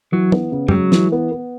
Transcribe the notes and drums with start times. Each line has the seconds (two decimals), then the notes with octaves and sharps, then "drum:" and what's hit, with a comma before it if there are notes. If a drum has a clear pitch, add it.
0.12 E3 F#3
0.32 B3, drum: tom
0.52 C#3
0.68 G3, drum: tom F#2
0.71 F#3 G#3
0.92 E3, drum: snare
1.12 B3
1.32 B3